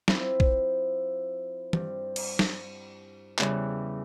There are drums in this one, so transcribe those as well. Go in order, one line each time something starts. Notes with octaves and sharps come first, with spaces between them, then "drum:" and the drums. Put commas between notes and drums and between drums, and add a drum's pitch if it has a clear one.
F3 C4 E4, drum: snare
drum: kick A#1
G2 G3 C4, drum: tom E3
drum: cymbal
drum: snare
E2 C#3 E3 G3, drum: clap